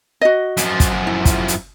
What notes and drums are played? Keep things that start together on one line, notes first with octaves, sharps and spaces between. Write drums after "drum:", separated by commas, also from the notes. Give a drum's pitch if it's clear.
F#4 D#5
F#2 F3, drum: hi-hat
drum: kick, hi-hat
E4
drum: kick, hi-hat
drum: hi-hat